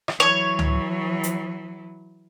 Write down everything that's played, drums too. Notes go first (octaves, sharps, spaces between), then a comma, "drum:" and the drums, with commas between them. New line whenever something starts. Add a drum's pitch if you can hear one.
drum: rim click
E3 F#3 C#5
drum: tom C#2
drum: hi-hat